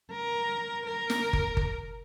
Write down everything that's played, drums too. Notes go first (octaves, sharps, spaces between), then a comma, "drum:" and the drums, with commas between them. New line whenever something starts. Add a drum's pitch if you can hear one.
A#4
A#4
drum: snare
drum: kick G1
drum: kick G1